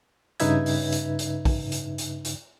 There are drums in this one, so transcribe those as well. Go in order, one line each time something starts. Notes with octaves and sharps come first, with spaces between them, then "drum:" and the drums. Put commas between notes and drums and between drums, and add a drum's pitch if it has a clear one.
G2 C#3 D#4 B4 E5 G#6, drum: hi-hat
drum: open hi-hat
drum: hi-hat
drum: hi-hat
drum: kick, open hi-hat
drum: hi-hat
drum: hi-hat
drum: hi-hat